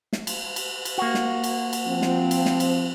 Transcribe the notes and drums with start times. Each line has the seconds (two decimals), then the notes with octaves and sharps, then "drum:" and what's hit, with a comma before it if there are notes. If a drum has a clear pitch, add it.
0.13 drum: snare
0.27 drum: cymbal
0.56 drum: cymbal
0.85 drum: cymbal
0.98 A#3 F#4
1.14 drum: snare
1.44 drum: cymbal
1.73 drum: cymbal
1.87 F3 C4
2.02 drum: snare
2.31 drum: cymbal
2.45 drum: snare
2.60 drum: cymbal